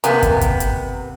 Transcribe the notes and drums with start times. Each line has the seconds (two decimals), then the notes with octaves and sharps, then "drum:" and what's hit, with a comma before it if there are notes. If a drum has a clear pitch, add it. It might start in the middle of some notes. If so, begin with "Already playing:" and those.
0.04 C3 A#3 B3 G#5 A#5, drum: hi-hat
0.23 drum: kick, hi-hat
0.41 drum: kick, hi-hat
0.60 drum: hi-hat